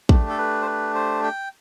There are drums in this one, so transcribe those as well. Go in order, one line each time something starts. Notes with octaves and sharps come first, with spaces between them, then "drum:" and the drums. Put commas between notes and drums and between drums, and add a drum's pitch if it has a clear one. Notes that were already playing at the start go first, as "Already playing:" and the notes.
A3 D4 G4, drum: kick
A4
B4
C5
B4
C5
G5